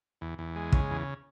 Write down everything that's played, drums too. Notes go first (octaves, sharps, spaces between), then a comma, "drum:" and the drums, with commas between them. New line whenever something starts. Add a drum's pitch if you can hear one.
E2
E2
G#3
C#3, drum: kick
E2